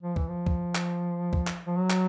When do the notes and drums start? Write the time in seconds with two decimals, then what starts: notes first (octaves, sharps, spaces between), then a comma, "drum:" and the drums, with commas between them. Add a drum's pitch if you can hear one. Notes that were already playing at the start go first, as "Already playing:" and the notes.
0.03 F3
0.16 E3, drum: kick
0.28 F3
0.46 drum: kick
0.75 drum: clap
1.33 drum: kick
1.47 drum: clap
1.66 F3
1.77 F#3
1.90 drum: clap